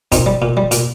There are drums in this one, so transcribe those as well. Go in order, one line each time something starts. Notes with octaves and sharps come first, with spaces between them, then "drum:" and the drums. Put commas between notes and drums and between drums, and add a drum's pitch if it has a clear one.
A#2 C4 D#4, drum: kick, hi-hat
G3
A#2
G3
A#2, drum: hi-hat